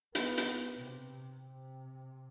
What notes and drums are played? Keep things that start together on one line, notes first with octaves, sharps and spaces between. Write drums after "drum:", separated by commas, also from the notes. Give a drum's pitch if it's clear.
B3, drum: hi-hat
drum: hi-hat
C3
C3